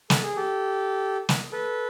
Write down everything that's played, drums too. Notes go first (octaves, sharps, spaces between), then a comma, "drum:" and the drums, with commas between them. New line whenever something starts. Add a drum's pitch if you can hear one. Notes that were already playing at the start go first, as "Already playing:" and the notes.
A4, drum: snare
G#4
G4 A4
drum: snare
A4 B4